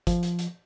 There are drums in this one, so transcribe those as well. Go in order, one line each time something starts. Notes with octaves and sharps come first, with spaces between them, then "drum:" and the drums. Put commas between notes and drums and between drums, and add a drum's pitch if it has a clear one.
F3, drum: kick, hi-hat
drum: hi-hat
drum: hi-hat